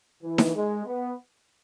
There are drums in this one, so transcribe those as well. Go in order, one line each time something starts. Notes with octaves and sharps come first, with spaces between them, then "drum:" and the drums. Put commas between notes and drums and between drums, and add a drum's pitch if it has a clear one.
E3
drum: snare D#4
G#3
B3